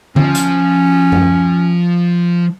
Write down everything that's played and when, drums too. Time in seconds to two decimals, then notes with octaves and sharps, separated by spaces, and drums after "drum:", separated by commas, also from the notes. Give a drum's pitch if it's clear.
0.16 F3 C#4, drum: tom D3
0.35 drum: hi-hat
1.12 drum: tom F#2